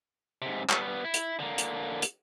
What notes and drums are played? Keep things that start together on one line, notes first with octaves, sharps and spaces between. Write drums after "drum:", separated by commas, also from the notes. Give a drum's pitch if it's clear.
G#2 C3
G3 B3, drum: clap
E4
drum: hi-hat
D3 A#3
drum: hi-hat
drum: hi-hat